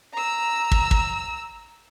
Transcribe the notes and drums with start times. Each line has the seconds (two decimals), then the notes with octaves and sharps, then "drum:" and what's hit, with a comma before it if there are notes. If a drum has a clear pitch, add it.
0.13 A#5 E6
0.71 drum: kick
0.91 drum: kick